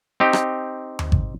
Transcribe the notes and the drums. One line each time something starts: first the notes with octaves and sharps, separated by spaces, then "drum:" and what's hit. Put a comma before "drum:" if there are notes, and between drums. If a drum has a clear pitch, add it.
C4 D#4 G4
drum: rim click
drum: tom D#2
drum: kick G#1